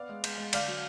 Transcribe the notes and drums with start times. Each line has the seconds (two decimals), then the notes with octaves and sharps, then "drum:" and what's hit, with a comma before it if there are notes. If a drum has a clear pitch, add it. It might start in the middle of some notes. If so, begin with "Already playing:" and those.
Already playing: B3 D5 F5
0.09 G#3
0.24 G#3, drum: cymbal
0.38 G#3
0.53 D3 D5 F5, drum: cymbal
0.68 F#3